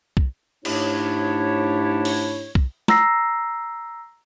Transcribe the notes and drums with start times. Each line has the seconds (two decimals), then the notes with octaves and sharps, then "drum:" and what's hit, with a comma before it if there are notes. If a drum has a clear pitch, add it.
0.17 drum: kick B1
0.65 G#2 A3 D4 E4 G4 C#5, drum: cymbal
2.05 drum: open hi-hat
2.55 drum: kick B1
2.88 A#5 E6 A#6 C7, drum: snare